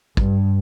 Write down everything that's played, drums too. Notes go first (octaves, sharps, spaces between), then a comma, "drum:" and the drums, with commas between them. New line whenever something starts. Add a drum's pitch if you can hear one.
G2, drum: kick